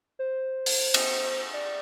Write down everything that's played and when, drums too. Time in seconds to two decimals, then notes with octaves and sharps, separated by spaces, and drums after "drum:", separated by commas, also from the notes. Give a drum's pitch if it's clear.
0.19 C5
0.66 drum: open hi-hat
0.94 drum: cymbal
1.54 D5